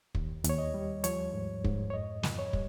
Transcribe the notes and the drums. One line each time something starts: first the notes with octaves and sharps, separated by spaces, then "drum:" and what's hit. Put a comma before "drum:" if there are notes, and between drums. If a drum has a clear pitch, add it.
D#2, drum: kick
D#2, drum: hi-hat
C#5
D#5
G3
F3 C#5, drum: hi-hat
G#2
G#2, drum: kick
C#5
F2 D#5
F2, drum: snare
C#5
G3, drum: kick